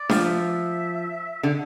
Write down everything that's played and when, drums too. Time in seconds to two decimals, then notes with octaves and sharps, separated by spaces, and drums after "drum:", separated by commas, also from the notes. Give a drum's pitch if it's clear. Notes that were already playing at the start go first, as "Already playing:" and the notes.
Already playing: D5
0.09 F3, drum: snare D4
0.24 E5
1.43 D3